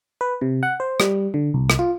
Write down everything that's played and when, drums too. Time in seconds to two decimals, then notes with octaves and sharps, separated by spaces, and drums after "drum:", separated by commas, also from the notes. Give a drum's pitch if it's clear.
0.21 B4
0.41 C3
0.63 F#5
0.80 C5
1.00 G3, drum: rim click
1.34 D3
1.54 C2
1.70 drum: rim click
1.79 F4